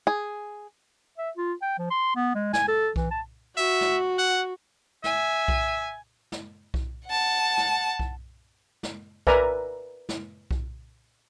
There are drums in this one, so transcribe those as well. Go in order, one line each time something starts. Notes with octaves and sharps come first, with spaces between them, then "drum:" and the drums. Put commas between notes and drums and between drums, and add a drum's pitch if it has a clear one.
G#4
E5
F4
G5
F3
C6
B3
G#3
G#5, drum: snare
A4
E3, drum: kick B1
A5
F#4 E5
drum: snare
F#5
E5 G#5, drum: snare
drum: kick B1
drum: snare
drum: kick B1
F#5 A5
drum: snare
drum: kick B1
drum: snare
A#4 B4 D5 E5 G#5 A#5, drum: kick B1
drum: snare
drum: kick B1